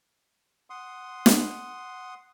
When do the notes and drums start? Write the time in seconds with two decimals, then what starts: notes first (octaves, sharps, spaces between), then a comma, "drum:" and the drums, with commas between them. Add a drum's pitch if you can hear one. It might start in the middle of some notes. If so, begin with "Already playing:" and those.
0.70 F#5 C6 D#6
1.26 drum: snare